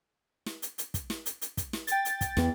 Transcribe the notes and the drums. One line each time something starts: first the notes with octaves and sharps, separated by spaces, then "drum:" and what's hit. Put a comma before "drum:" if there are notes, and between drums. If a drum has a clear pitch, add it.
drum: snare
drum: hi-hat
drum: hi-hat
drum: kick, hi-hat
drum: snare
drum: hi-hat
drum: hi-hat
drum: kick, hi-hat
drum: snare
G5 A6, drum: hi-hat
drum: hi-hat
drum: kick, hi-hat
E2 B3, drum: snare